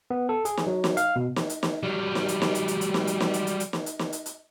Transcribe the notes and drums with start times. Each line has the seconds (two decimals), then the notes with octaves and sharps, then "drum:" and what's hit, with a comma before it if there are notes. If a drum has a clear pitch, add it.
0.11 B3
0.29 A4
0.45 G#4, drum: hi-hat
0.57 drum: snare
0.67 F#3
0.84 drum: snare
0.97 F5, drum: hi-hat
1.16 B2
1.36 drum: snare
1.50 drum: hi-hat
1.63 drum: snare
1.83 F#3 G3
2.15 drum: snare
2.28 drum: hi-hat
2.42 drum: snare
2.55 drum: hi-hat
2.68 drum: hi-hat
2.81 drum: hi-hat
2.94 drum: snare
3.07 drum: hi-hat
3.20 drum: snare
3.34 drum: hi-hat
3.47 drum: hi-hat
3.60 drum: hi-hat
3.73 drum: snare
3.86 drum: hi-hat
3.99 drum: snare
4.13 drum: hi-hat
4.26 drum: hi-hat